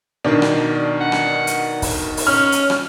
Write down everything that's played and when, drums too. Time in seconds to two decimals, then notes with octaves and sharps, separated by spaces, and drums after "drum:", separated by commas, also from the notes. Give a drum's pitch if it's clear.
0.24 B2 D#3 D4
0.42 drum: rim click
1.01 F#5
1.12 drum: rim click
1.47 drum: hi-hat
1.82 drum: kick, open hi-hat
2.17 drum: open hi-hat
2.27 C#4 F6
2.52 drum: hi-hat
2.70 drum: rim click